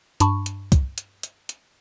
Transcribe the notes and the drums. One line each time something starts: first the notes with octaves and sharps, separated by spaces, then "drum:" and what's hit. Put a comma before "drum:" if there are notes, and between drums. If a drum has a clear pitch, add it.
G2 D4 A5 B5 C#6, drum: hi-hat
drum: hi-hat
drum: kick C2, hi-hat
drum: hi-hat
drum: hi-hat
drum: hi-hat